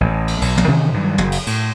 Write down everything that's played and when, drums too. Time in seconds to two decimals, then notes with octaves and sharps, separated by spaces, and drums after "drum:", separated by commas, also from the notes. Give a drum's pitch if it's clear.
0.01 A1
0.28 drum: cymbal
0.42 B1, drum: cymbal
0.57 drum: tom
0.67 C3 D#3 E3 C#4
0.94 G2 D#3 F#3
1.18 F#1, drum: tom
1.32 drum: cymbal
1.47 A2, drum: cymbal